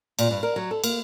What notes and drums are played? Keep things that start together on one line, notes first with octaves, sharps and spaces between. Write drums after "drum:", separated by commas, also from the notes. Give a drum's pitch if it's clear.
A#2, drum: cymbal
G2
A#4
F#3
A4
A#3, drum: cymbal